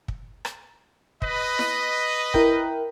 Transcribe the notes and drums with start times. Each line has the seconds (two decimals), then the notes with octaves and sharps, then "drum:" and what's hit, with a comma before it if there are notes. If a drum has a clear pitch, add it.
0.08 drum: kick
0.45 drum: rim click
1.22 B4 D#5, drum: kick
1.59 drum: snare E4
2.34 E4 A#4 G5, drum: kick